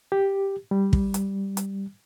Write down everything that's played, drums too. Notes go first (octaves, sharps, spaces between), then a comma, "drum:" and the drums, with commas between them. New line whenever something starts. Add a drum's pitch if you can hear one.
G4
G3
drum: kick
drum: hi-hat
drum: hi-hat